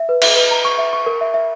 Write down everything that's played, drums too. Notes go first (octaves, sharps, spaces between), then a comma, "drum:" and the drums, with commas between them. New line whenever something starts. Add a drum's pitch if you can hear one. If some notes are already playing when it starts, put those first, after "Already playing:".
Already playing: E5
B4
E5, drum: cymbal
B4
A#5
C#6
E5
C#6
A#4
E5
E5